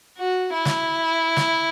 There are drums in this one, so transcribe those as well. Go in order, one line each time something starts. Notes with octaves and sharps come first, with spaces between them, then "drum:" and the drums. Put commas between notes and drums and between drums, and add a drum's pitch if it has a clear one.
F#4
E4
drum: snare
drum: snare